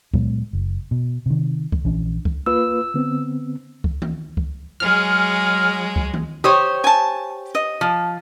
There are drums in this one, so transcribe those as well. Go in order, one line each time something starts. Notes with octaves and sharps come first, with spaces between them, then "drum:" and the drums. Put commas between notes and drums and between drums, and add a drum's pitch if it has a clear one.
A#2 F#3 G#3 B3, drum: kick C#2
F#1
B2
C3 D#3
drum: kick C#2
A#1 E3 C#4 D4
drum: kick C#2
A#3 F4 B4 E6
D3 B3 C4
drum: kick C#2
drum: tom D#3
drum: kick C#2
F#3 G#3 G#4 F6
drum: kick C#2
drum: tom D#3
G4 C5 C#5 D#6
G#5 A5
D#5
F3